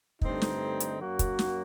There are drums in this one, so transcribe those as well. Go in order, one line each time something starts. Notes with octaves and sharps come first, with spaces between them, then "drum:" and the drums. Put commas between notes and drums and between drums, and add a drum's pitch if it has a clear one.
G2 D3 A3 C4 D#4, drum: kick
drum: snare
drum: hi-hat
F#2 F#3 A#3 F#4
drum: kick, hi-hat
drum: snare